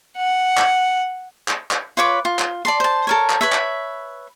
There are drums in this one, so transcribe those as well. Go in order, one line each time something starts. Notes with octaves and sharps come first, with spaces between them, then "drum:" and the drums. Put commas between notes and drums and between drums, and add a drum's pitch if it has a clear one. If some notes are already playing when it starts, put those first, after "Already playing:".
F#5
drum: clap
drum: clap
drum: clap
F4 B4 C#5 D6
F4
drum: clap
D5 A5 C6
C5 A5
A4 A#4 C#5
drum: clap
B4 C#5 E5
drum: clap